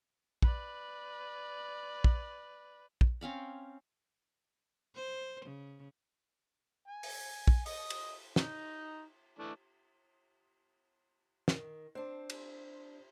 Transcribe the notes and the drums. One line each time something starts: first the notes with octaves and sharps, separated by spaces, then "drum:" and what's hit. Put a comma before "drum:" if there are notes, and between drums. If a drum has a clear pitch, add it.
B4 D5, drum: kick
drum: kick
drum: kick
C4 C#4 F5 B5
C5
C#3
G#5
drum: open hi-hat
drum: kick
D#5 D#6, drum: open hi-hat
drum: cymbal
D#4, drum: snare
E3 A3 D4
D#3, drum: snare
C4 D4 C5
drum: cymbal